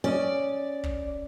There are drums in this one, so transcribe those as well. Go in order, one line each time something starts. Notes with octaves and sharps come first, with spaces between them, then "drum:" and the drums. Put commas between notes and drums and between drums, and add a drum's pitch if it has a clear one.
C#4 D5 D#5
drum: kick